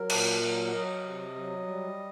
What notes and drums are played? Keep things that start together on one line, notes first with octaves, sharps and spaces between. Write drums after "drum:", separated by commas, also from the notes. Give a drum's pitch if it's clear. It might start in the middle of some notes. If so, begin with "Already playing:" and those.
Already playing: F#3 A#4
A#2, drum: cymbal
F#3
F#5
F#3 D#5
C3
F#3
G3